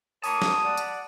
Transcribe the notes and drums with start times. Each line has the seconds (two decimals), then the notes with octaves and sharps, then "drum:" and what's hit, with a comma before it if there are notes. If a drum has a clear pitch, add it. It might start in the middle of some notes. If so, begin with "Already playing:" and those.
0.24 A#4 C#5 A5 B5 D6 D#6, drum: open hi-hat
0.42 drum: snare
0.64 D5 F#5
0.77 drum: hi-hat